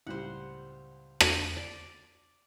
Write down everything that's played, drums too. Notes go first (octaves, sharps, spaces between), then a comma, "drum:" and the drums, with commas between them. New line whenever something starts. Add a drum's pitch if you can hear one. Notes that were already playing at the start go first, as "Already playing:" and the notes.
C#2 A2 G3 C5 F#5
drum: rim click
D5